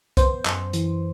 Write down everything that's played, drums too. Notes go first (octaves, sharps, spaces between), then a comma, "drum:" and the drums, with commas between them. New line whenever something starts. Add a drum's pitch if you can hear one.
B3 C5, drum: kick, hi-hat
F#2, drum: clap
E3, drum: hi-hat